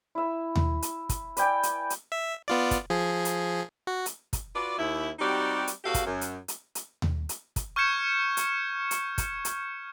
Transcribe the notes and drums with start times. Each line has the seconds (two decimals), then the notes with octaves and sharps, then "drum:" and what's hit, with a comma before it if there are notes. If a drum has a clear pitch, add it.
0.15 E4 E5
0.56 drum: tom D#2
0.82 drum: hi-hat
1.09 drum: kick, hi-hat
1.37 B4 D5 G5 G#5, drum: hi-hat
1.63 drum: hi-hat
1.90 drum: hi-hat
2.12 E5
2.48 B3 F4 D5
2.71 drum: kick, hi-hat
2.90 F3 G#4
3.25 drum: hi-hat
3.87 F#4
4.06 drum: hi-hat
4.33 drum: kick, hi-hat
4.55 F4 F#4 B4 D5
4.78 D#2 E4
5.19 G3 C4 D#4 F#4 G4 D5
5.67 drum: hi-hat
5.84 E2 F#4 G4 A4 F5
5.94 drum: kick, hi-hat
6.05 F#2
6.21 drum: hi-hat
6.48 drum: hi-hat
6.75 drum: hi-hat
7.02 drum: tom D#2
7.29 drum: hi-hat
7.56 drum: kick, hi-hat
7.76 C#6 F6 G6 G#6 C#7 E7
8.37 drum: hi-hat
8.91 drum: hi-hat
9.18 drum: kick, hi-hat
9.45 drum: hi-hat